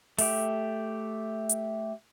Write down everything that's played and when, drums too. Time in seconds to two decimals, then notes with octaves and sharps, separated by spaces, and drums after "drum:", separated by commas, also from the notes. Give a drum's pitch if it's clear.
0.18 A3 G4, drum: open hi-hat
1.49 drum: hi-hat